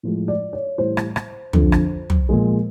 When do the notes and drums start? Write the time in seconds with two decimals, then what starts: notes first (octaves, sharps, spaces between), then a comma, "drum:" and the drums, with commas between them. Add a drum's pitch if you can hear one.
0.03 A2 F3 G#3
0.28 D5
0.53 C#5
0.78 A2 E3 G3 C5
0.97 drum: rim click
1.16 drum: rim click
1.53 F2 D3 F3, drum: tom
1.72 drum: rim click
2.10 drum: tom
2.29 A#2 F3 G#3